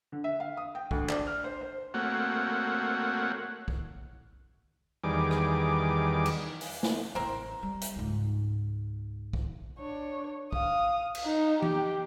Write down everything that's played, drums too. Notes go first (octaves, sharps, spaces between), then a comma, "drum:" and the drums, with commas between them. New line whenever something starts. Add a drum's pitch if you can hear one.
D3
E5
F5
D#6
G5
D2, drum: kick
D4, drum: clap
F6
C5
C5
A3 A#3 C4 F#4 C#5 F#5
drum: kick
E2 D#3 G3 G#4 D6
drum: rim click
drum: cymbal
drum: open hi-hat
drum: snare
A1 E3 C4 A#4
G3
drum: hi-hat
C#2 G#2
drum: kick
D4 C#5
F5 D#6, drum: kick
drum: cymbal
D#4
G4, drum: tom E3